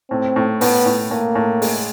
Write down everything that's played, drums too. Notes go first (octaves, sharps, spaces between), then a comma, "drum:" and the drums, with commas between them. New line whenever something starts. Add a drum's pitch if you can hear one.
A2 C4
A2
A2 B3, drum: open hi-hat
A2
A2 A#3
A2
G#3, drum: open hi-hat